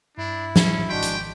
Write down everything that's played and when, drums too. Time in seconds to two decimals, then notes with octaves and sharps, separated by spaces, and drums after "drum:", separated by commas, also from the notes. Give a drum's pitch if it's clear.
0.18 G2 D4 E4
0.56 A2 C#4, drum: snare
0.89 G#1 G#3 D4 F#4 G5 C6 B6
1.02 drum: hi-hat